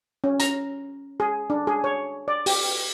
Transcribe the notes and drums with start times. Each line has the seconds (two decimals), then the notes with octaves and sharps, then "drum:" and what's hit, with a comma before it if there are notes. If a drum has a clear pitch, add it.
0.24 C#4
0.40 A#5, drum: hi-hat
1.20 G#4
1.50 D4
1.67 G#4
1.84 C#5
2.28 D5
2.46 G4, drum: open hi-hat